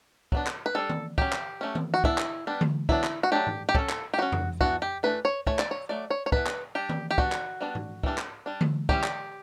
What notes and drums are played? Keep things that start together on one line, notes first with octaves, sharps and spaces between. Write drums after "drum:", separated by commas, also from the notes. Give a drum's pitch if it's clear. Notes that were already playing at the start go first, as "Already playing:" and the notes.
F#3 B3 D4, drum: kick
drum: clap
B4
G3 D4 A4
drum: tom D#3
F#3 C#4 G4, drum: kick
drum: clap
F#3 A3 C#4
drum: tom D#3
F#4
E3 B3 D4 E4, drum: kick
drum: clap
G3 B3 D4
drum: tom D3
F#3 B3 D4 E4, drum: kick
drum: clap
F#4
F#3 A3 D4 G4
drum: tom G#2
G4
F#3 C#4 A4, drum: kick
drum: clap
G4
F#3 C#4 F#4
drum: tom F2
E3 B3 D4 F#4, drum: kick
G4
E3 A3 D4 B4
C#5
E3 A3 C#5, drum: kick
D5, drum: clap
C#5
F#3 A3 D5
C#5
C#5
E3 B3 D4 B4, drum: kick
drum: clap
G3 D4 G4
drum: tom D#3
G4
G3 B3 D4 F#4, drum: kick
drum: clap
G3 B3 D4
drum: tom G#2
E3 G3 D4, drum: kick
drum: clap
G3 D4
drum: tom D3
E3 G3 C#4 G4, drum: kick
drum: clap